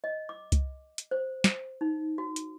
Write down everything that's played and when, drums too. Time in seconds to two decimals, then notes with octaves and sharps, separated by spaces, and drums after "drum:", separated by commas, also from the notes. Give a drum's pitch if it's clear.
0.04 D#5
0.29 D6
0.52 drum: kick C2, hi-hat
0.98 drum: hi-hat
1.11 C5
1.44 drum: snare
1.81 D#4
2.18 F#4
2.36 drum: hi-hat